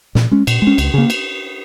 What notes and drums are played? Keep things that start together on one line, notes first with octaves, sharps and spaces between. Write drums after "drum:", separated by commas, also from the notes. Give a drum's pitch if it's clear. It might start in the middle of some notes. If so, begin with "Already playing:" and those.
A#2, drum: snare
G#3 C#4
A#2, drum: cymbal
G#3
C#4
C#2, drum: cymbal
C#3 A#3
drum: cymbal